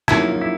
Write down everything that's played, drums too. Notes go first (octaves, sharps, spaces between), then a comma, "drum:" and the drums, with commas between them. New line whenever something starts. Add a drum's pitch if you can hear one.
F#2 C#3 F3 A#3 D#4 E4, drum: rim click
E4